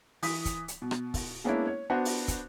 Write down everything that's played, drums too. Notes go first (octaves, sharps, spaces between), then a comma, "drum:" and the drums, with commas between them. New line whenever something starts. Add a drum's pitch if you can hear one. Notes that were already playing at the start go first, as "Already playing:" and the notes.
E3 D#6 B6, drum: open hi-hat
drum: kick, hi-hat
drum: hi-hat
B2
drum: rim click
drum: kick, open hi-hat
G#3 A#3 B3 C#4 D4 E4
C#5
B3 D4 F#4 C5
drum: open hi-hat
drum: kick, hi-hat